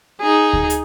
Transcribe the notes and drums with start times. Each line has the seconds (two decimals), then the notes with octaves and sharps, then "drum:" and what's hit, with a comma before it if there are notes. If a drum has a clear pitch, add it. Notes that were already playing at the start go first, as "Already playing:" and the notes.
0.21 D#4 G#4
0.53 drum: kick D2
0.70 drum: hi-hat